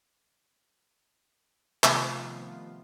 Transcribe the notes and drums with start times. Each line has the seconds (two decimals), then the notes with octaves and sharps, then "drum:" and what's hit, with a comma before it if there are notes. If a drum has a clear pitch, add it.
1.84 C3 D#3 F3 A3 B3 F4, drum: clap